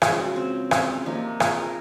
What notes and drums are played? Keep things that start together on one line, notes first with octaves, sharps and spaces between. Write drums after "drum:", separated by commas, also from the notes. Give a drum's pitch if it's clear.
C#3 F3 G#3 F4, drum: rim click
F4
F#4
C4
C4, drum: rim click
C#4
C3 F3 A#3 D#4
G#4, drum: rim click
A#4